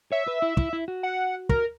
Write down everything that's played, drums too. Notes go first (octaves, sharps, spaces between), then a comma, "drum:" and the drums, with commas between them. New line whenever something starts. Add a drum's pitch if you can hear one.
C#5 E5
B4
E4
E4, drum: kick
E4
F#4
F#5
A#4, drum: kick